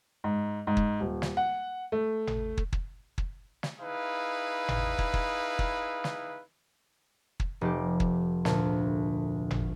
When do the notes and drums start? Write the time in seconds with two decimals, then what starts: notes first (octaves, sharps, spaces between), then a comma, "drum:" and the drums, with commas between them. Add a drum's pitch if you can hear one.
0.24 G#2
0.67 G#2
0.77 drum: kick
1.00 D#1
1.22 drum: snare
1.37 F#5
1.92 A3
2.27 drum: tom G#1
2.57 drum: kick
2.73 drum: kick
3.18 drum: kick
3.63 drum: snare
3.80 D#4 E4 G#4 B4 F5
4.68 drum: tom G#1
4.99 drum: kick
5.14 drum: kick
5.59 drum: kick
6.04 drum: snare
7.40 drum: kick
7.61 F1 G4
8.00 drum: kick
8.45 D2 A#2 A5, drum: snare
9.51 drum: tom G#1